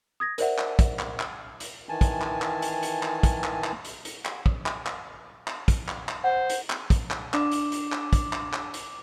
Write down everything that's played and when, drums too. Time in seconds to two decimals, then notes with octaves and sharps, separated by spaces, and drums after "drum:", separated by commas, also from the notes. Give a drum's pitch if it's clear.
0.20 D#6 G#6 A#6
0.38 A#4 C5 D5 E5 F#5, drum: hi-hat
0.58 drum: clap
0.79 drum: kick, hi-hat
0.99 drum: clap
1.20 drum: clap
1.60 drum: hi-hat
1.89 D#3 E3 G#5 A5
2.01 drum: kick, hi-hat
2.21 drum: clap
2.42 drum: clap
2.62 drum: hi-hat
2.83 drum: hi-hat
3.03 drum: clap
3.23 drum: kick, hi-hat
3.44 drum: clap
3.64 drum: clap
3.85 drum: hi-hat
4.05 drum: hi-hat
4.25 drum: clap
4.46 drum: kick
4.66 drum: clap
4.86 drum: clap
5.48 drum: clap
5.68 drum: kick, hi-hat
5.88 drum: clap
6.09 drum: clap
6.24 C5 F#5
6.50 drum: hi-hat
6.70 drum: clap
6.90 drum: kick, hi-hat
7.11 drum: clap
7.34 D4 D6, drum: clap
7.51 drum: hi-hat
7.72 drum: hi-hat
7.92 drum: clap
8.13 drum: kick, hi-hat
8.33 drum: clap
8.53 drum: clap
8.74 drum: hi-hat